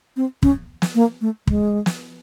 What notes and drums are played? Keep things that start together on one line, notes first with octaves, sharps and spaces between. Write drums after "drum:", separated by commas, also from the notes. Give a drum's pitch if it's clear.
C4
C#4, drum: kick
drum: snare
A#3
A3
G#3, drum: kick
drum: snare